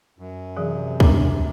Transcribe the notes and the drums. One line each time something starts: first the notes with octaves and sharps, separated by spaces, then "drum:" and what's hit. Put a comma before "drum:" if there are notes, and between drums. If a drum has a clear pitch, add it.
F#2
C3 E3 F#3 G#4
D4 A#5 D6, drum: kick